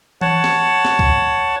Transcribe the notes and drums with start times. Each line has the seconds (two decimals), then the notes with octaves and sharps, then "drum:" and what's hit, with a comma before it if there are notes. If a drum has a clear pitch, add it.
0.21 C#5 F#5 A5, drum: tom E3
0.44 drum: snare
0.85 drum: snare
0.99 drum: kick